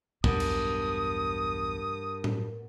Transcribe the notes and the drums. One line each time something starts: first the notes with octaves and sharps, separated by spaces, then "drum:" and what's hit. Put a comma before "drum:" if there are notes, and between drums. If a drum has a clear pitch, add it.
B1 E2 G2 A#4 F#5 D#6, drum: kick
drum: cymbal
drum: tom A2